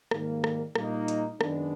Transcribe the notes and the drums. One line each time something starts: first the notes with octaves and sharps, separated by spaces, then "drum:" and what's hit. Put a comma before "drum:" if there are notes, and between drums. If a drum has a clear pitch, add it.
G#2 D#3 G3 A#3, drum: rim click
drum: rim click
A#2 G3 A#3 D#4, drum: rim click
drum: hi-hat
F#2 D#3 G#3 B3 D4, drum: rim click